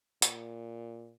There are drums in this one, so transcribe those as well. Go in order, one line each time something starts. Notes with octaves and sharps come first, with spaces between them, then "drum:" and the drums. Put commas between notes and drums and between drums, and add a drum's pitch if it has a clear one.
A#2, drum: hi-hat